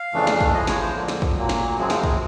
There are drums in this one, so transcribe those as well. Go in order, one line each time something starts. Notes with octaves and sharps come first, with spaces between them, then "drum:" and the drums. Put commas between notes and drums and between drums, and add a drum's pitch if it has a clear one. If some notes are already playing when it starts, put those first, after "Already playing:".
Already playing: F5
F2 C#3 E3 A3 D4
drum: snare
drum: kick
A2 F3 G#3 D#5
C#5, drum: snare
C5
F2 D3 F3 A#3
drum: snare
drum: kick
A#2 F#3 A#3
drum: snare
F#2 C#3 F3 G#3 C4
drum: snare
drum: kick